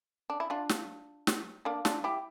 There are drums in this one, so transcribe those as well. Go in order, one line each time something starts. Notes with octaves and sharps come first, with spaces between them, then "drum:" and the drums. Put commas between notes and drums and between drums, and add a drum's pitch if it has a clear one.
D4
E4
D4 F4
drum: snare
drum: snare
A#3 D4
D4 F4, drum: snare
E4 G4